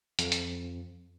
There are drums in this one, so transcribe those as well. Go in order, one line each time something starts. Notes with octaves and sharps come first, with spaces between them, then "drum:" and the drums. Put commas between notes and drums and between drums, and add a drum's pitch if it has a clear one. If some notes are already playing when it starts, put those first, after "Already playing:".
F2, drum: hi-hat
drum: hi-hat